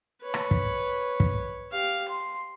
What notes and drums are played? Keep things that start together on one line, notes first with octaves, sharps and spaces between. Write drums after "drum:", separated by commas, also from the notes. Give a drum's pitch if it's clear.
B4 C#5
drum: rim click
drum: kick
drum: kick
G4 F5
C6